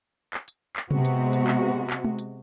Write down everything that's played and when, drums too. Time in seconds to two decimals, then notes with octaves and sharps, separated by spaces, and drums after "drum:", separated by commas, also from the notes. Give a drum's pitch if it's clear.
0.34 drum: clap
0.48 drum: hi-hat
0.76 drum: clap
0.91 C3 G#3 B3 C4 F#4, drum: tom C3
1.05 drum: hi-hat
1.33 drum: hi-hat
1.47 drum: clap
1.90 drum: clap
2.04 drum: tom G#3
2.19 drum: hi-hat